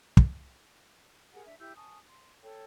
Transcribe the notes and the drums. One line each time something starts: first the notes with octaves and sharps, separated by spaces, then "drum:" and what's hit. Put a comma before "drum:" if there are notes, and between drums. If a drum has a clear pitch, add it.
drum: kick
G4 G#4 A#4 F#5
D4 E5
E4 G4 E6 G6
G#5 A5 C#6 D#6
C6
A4 C#5 G5